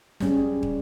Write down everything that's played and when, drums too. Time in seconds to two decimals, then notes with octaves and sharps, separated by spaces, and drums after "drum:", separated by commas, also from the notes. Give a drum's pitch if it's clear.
0.20 G3 C#4 G#4, drum: snare
0.63 drum: kick